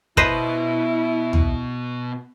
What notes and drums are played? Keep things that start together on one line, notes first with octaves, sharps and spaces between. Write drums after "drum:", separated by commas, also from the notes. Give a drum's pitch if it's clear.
B2 B3 E4 B4 C5 D#5, drum: kick
drum: tom